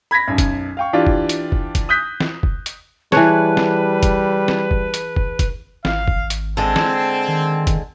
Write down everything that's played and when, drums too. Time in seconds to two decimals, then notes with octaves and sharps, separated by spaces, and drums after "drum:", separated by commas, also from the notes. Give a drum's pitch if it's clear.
0.11 B5 G#6 A#6 B6
0.28 B1 F#2
0.38 drum: kick, hi-hat
0.77 F5 G5 C#6
0.93 E3 D4 F4 G4
1.07 drum: kick
1.29 drum: hi-hat
1.52 drum: kick
1.75 drum: kick, hi-hat
1.89 D#6 F#6 G6 B6
2.20 drum: snare
2.43 drum: kick
2.66 drum: hi-hat
3.12 E3 G3 G#4 B4 C#5 A5 F#6, drum: snare
3.57 drum: snare
4.03 drum: kick, hi-hat
4.48 drum: snare
4.71 drum: kick
4.94 drum: hi-hat
5.16 drum: kick
5.39 drum: kick, hi-hat
5.85 G#1 F5, drum: snare
6.08 drum: kick
6.30 drum: hi-hat
6.57 D3 G#3 C4 A5
6.76 drum: snare
7.28 D#3
7.67 drum: kick, hi-hat